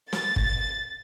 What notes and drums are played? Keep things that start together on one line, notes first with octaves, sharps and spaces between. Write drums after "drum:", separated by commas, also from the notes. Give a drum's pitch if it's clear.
A6, drum: snare
drum: kick